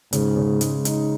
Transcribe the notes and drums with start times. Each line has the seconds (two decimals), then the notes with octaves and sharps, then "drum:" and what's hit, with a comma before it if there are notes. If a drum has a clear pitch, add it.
0.13 G#2 C#3, drum: hi-hat
0.37 C#3
0.61 G#3, drum: hi-hat
0.85 D#4, drum: hi-hat